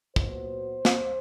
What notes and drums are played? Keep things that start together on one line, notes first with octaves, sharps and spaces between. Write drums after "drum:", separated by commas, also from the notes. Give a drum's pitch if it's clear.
A#2 F#3 B3 C5, drum: kick
drum: snare